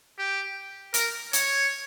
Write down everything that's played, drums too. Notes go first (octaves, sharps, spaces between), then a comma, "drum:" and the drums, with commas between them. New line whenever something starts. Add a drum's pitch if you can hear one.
G4
A#4, drum: hi-hat
C#5, drum: hi-hat